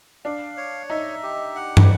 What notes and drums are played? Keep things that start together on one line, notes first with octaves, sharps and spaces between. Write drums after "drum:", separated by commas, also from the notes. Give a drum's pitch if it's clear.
D4 F5
C#5
D#4 E5
G4
F#5
drum: tom